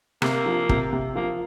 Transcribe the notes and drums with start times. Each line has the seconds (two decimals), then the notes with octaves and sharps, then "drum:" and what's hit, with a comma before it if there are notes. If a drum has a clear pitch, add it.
0.22 C3 A#3, drum: rim click
0.46 F3
0.69 C3, drum: kick
0.93 C3
1.15 F3 A#3